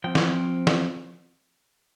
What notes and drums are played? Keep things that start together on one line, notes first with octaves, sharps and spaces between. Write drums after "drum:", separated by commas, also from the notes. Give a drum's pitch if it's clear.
F3 C4 G5
drum: snare
drum: snare